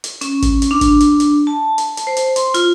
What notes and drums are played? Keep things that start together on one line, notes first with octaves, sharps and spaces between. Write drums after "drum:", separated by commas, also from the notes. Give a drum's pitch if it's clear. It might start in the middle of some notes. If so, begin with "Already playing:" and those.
drum: hi-hat
C#4, drum: hi-hat
drum: kick, hi-hat
drum: hi-hat
D4
drum: kick, hi-hat
drum: hi-hat
drum: hi-hat
A5
drum: hi-hat
drum: hi-hat
C5
drum: hi-hat
C6, drum: hi-hat
F4, drum: hi-hat